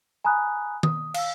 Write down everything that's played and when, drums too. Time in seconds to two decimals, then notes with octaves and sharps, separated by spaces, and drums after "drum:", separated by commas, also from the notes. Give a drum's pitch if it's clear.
0.24 G#5 A#5 B5 D#6 F#6
0.83 D#6, drum: tom D#3
1.14 F5 E6, drum: cymbal